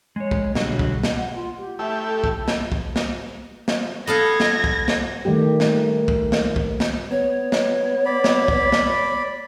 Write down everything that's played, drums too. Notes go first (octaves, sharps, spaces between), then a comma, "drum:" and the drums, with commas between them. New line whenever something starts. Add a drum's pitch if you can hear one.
G#3 C#5
drum: kick
B2 D3 F#3 G3 F#4 G#4, drum: snare
drum: kick
drum: snare
F#5
F4
G4
A3 E4 G4 E5
A4
drum: kick
drum: snare
drum: kick
drum: snare
drum: snare
B3 A4 F5 G#6 A#6
drum: snare
drum: kick
drum: snare
D#3 G3 A3 G4
drum: snare
drum: kick
drum: snare
drum: kick
drum: snare
B3 C#5
drum: snare
D5 B5
drum: snare
drum: kick
drum: snare